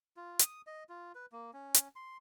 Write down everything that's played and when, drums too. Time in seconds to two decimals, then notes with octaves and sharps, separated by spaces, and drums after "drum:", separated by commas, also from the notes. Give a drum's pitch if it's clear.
0.17 F4
0.39 D#6, drum: hi-hat
0.67 D#5
0.89 F4
1.15 B4
1.32 A#3
1.53 C#4
1.74 drum: hi-hat
1.96 C6